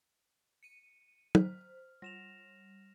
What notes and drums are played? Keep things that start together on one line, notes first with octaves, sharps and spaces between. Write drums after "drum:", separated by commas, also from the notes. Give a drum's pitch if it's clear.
C#7 D#7
C5 F6, drum: tom
G3 A#6 E7 F7